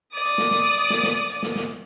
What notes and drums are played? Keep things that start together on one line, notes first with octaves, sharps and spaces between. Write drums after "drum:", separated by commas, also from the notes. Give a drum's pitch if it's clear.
D5 D#6
drum: hi-hat
drum: snare
drum: snare
drum: hi-hat
drum: snare
drum: snare
drum: hi-hat
drum: snare
drum: snare